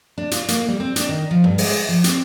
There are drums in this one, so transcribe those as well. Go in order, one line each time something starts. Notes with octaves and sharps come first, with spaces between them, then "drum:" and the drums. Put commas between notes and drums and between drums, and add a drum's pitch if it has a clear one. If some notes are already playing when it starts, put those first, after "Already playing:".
D4
F4, drum: hi-hat
A#3, drum: hi-hat
G3
C4
D4, drum: hi-hat
D#3
F3
G2
G#3, drum: open hi-hat
F3
C4, drum: hi-hat